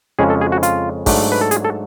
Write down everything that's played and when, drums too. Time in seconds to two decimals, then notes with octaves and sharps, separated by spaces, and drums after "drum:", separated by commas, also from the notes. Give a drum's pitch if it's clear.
0.19 F2 C#3 G#3 C#4 G#4
0.30 A4
0.41 G#4
0.52 F#4
0.63 F4, drum: hi-hat
1.06 G#2 F#3 A3 D4, drum: kick, open hi-hat
1.32 B4
1.41 A4
1.51 G#4, drum: hi-hat
1.65 A4